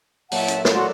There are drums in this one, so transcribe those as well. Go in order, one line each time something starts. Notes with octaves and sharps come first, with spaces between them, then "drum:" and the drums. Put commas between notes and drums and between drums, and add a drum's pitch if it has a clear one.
A#2 F#3 E5 F#5 A5, drum: open hi-hat
drum: hi-hat
drum: snare
F#4 A4 A#4 D5 F#5 C6